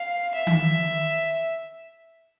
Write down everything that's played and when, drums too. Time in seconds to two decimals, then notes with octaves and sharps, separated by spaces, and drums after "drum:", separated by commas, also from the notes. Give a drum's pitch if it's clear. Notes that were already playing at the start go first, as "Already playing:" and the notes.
Already playing: F5
0.34 E5
0.47 drum: tom D#3